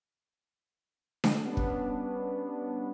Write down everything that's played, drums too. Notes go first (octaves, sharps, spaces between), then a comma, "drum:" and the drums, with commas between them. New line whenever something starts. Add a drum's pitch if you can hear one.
drum: snare D4
G3 B3 C#4 D4
drum: kick